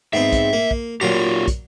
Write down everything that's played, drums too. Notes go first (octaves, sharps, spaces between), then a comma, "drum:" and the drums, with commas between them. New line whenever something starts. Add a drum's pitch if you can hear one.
G#2 B3 C4 E5
drum: kick, hi-hat
A#3
drum: kick
A#2 F#3 F4 G4 A#5
drum: kick, hi-hat